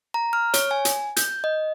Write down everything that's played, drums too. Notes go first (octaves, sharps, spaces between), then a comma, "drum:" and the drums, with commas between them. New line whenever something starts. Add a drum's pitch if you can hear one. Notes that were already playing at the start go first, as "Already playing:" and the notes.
A#5
F6
C#5, drum: hi-hat
G#5
drum: hi-hat
G6, drum: hi-hat
D#5